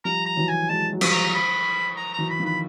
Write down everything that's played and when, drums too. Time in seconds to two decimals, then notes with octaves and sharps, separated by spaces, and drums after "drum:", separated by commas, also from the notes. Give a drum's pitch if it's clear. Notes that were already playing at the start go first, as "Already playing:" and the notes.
0.05 F3 G3 A#5
0.26 A#5
0.37 E3 F#3
0.48 G#5
0.69 F#3 G#3 A5
0.93 F#3
1.01 F3 G3, drum: cymbal
1.11 A#5
1.34 B5
1.97 A#5
2.13 A#5
2.18 E3 F#3
2.30 B5
2.40 D#3 F3
2.45 B5